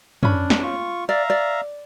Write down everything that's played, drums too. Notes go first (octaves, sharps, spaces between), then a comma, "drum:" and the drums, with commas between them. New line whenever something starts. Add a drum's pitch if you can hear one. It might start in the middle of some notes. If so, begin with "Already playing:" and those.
C#4 D4 B5, drum: tom
drum: snare
F4 C#6
D5 E5 F5 A#5
D5